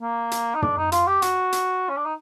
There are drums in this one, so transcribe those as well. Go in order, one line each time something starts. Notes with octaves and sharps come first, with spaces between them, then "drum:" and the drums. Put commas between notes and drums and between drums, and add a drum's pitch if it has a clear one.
A#3
drum: hi-hat
D#4
D4, drum: tom
D#4
F4, drum: hi-hat
G4
F#4, drum: hi-hat
drum: hi-hat
C#4
D4
D#4